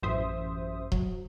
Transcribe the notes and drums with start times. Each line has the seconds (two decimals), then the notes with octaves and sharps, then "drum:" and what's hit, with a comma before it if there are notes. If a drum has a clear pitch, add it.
0.02 A1 F#2 C5 E5 D#6
0.92 F#3, drum: kick D#1